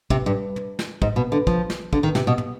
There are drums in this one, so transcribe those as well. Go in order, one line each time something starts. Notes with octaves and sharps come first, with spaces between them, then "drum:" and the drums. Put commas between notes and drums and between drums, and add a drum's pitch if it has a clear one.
C3, drum: kick
G2
drum: tom
drum: snare
G#2, drum: kick
B2
D3
F3, drum: kick
drum: snare
D3, drum: kick
D#3
C3, drum: snare
B2
drum: tom